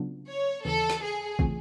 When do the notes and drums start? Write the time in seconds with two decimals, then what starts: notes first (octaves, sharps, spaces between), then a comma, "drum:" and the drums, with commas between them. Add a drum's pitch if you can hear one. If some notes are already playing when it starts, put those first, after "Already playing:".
Already playing: C#3 F#3 B3 D4 F4
0.27 C#5
0.65 D#2 C#3 E3 A4
0.90 drum: snare
1.02 G#4
1.39 C#3 E3 A3 C4 F4, drum: kick